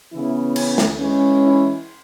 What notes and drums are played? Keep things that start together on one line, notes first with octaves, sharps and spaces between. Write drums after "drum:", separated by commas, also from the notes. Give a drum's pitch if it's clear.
C#3 E3 B3 E4
C#4, drum: cymbal
drum: snare
E3 G#3 C#4
E4